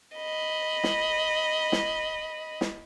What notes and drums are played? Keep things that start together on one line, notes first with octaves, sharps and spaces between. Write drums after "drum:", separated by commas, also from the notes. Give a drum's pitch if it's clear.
D#5 B5
drum: snare
drum: snare
drum: snare